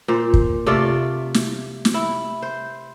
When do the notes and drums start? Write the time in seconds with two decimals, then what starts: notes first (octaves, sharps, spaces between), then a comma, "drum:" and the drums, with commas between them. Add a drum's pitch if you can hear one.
0.08 A#2 C5
0.34 drum: kick
0.66 C3 A3 F4 D5
1.34 drum: snare
1.85 drum: snare
1.94 E4
2.42 C5